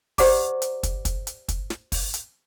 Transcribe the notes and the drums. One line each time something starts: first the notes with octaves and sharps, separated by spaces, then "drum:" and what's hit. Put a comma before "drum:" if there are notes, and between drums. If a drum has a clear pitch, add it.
G4 C5 D5 F#5 A#5 D6, drum: kick, open hi-hat
drum: hi-hat
drum: kick, hi-hat
drum: kick, hi-hat
drum: hi-hat
drum: kick, hi-hat
drum: snare
drum: kick, open hi-hat
drum: hi-hat